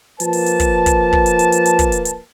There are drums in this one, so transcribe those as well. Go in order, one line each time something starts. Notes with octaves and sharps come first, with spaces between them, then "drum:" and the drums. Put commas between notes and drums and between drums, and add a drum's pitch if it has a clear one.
F3 A#3 B4 A5, drum: hi-hat
drum: open hi-hat
drum: hi-hat
drum: kick, hi-hat
drum: kick, hi-hat
drum: kick
drum: hi-hat
drum: hi-hat
drum: hi-hat
drum: hi-hat
drum: kick, hi-hat
drum: hi-hat
drum: hi-hat